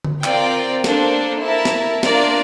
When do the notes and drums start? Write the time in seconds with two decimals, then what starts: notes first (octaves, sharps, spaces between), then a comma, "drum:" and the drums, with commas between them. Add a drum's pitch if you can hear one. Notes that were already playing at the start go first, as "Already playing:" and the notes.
0.04 drum: tom D3
0.24 C4 F4 A#4 D5 G5, drum: clap
0.84 A#3 D4 A4 C5, drum: snare
1.43 E4 A#4 E5 A5
1.65 drum: snare
2.03 A#3 D4 F4 A#4 D5, drum: snare